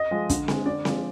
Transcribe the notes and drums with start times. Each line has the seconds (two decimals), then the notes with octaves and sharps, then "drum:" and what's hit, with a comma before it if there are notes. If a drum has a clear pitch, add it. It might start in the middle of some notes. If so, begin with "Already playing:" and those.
Already playing: D#5
0.11 F3 G#3
0.29 D3, drum: kick, hi-hat
0.48 G#3, drum: snare C4
0.66 D3 D5
0.85 F3 G#3, drum: snare C4